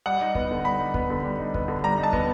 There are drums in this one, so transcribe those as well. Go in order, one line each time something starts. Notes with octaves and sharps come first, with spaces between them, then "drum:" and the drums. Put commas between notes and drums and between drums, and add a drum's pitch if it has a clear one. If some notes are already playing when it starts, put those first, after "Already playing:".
G3 F#5
D#4
B3, drum: kick
D3
G3 B5
D#4
B3, drum: kick
D3
G3
D#4
B3, drum: kick
D3
G3 A#5
D#4
A5
B3, drum: kick